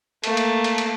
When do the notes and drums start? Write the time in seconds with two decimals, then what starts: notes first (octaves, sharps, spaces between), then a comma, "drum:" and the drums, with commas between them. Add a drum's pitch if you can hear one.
0.24 A3 A#3, drum: cymbal
0.37 drum: cymbal
0.64 drum: cymbal
0.78 drum: cymbal